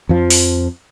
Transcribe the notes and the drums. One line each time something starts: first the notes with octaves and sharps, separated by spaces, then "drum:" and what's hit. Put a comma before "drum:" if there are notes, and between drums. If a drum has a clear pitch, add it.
F2 F3
drum: open hi-hat